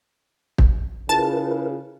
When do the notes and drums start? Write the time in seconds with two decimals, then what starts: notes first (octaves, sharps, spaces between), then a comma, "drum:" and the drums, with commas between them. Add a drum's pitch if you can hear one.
0.58 drum: kick
1.09 C#3 E4 F4 G#4 A#4 B4 A5